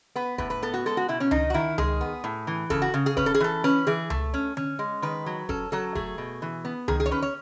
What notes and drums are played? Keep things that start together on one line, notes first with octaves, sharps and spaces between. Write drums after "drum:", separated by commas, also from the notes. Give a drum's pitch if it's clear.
B3 B4
A2 B4, drum: kick E1
B4
B3 A4
F#4
G#3 A4
F#4
B2 E4
C#4
D#3 D#4, drum: tom C#2
F#4
D#3 E4
G#3 G#4, drum: tom C#2
B3
A2
E3
C#3 A4, drum: kick E1
F#4
C#3
G#4
C#4 B4, drum: kick E1
A4
G#4
E3 A4
C#4 B4
E3 G#4
A3, drum: tom C#2
C#4
C#4, drum: tom D3
G#3
D#3 B4
F#3
C#4 A4, drum: kick E1
F#3 A4
A3 G#4, drum: kick E1
B2
E3
B3
D#3 G#4, drum: tom C#2
G#4
C#5
C#4 B4
C#5